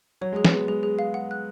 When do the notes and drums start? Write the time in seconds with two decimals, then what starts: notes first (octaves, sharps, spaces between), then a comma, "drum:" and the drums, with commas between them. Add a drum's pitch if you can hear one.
0.21 F#3 C#5
0.32 G#3 G#4
0.45 B3, drum: snare
0.52 G#4
0.68 G#3 G#4
0.83 G#4
0.99 F5
1.14 F#5
1.31 F#6